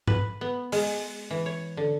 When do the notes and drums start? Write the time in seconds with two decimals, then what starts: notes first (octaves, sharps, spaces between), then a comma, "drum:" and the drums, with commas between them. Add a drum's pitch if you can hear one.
0.07 B4, drum: tom G#2
0.41 B3
0.72 G#3, drum: open hi-hat
1.31 E3
1.46 C#5
1.77 D3